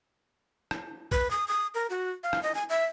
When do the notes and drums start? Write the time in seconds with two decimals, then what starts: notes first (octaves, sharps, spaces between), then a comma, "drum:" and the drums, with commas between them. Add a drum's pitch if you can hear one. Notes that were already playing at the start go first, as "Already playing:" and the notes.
0.71 drum: rim click
1.12 B4, drum: kick
1.31 D#6
1.48 D#6
1.75 A#4
1.90 F#4
2.23 F5
2.33 drum: rim click
2.43 D#5
2.55 G#5
2.69 E5